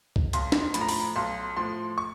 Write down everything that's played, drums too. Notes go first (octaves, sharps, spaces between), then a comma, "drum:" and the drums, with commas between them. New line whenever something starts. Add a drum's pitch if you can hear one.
drum: kick C2
B1 C6, drum: hi-hat
drum: snare
A2 F3 B5, drum: hi-hat
A#5
B5, drum: open hi-hat
B1 C6
A2 F3 C6
C#6